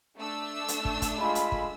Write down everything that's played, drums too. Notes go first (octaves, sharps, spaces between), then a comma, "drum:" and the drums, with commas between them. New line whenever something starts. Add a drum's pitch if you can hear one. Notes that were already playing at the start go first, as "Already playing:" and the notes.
A3 D4 E6
drum: hi-hat
drum: kick
drum: kick, hi-hat
G#3 F4 B5
drum: hi-hat
drum: kick